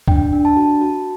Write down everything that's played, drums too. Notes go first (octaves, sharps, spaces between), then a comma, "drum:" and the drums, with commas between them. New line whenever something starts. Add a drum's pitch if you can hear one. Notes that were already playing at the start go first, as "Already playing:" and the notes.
D4 G5, drum: kick
D4
A5
F#4
F#4